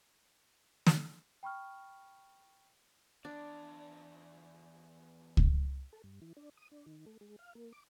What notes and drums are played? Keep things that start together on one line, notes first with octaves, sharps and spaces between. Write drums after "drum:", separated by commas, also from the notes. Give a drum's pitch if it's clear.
drum: snare
G5 B5 C#6 F6
E2 D4 D5
drum: kick C#2
A4
G2
E3
D4
D#6
D4
D#3
A3
G#3
F5
A#3
D6